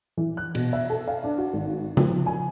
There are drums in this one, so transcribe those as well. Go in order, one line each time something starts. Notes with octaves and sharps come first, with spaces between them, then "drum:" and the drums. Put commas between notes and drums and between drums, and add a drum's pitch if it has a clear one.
E3
F#6
B2, drum: cymbal
E5
A4
F5
D4
F#4
G#1
F3, drum: tom C#3
G#5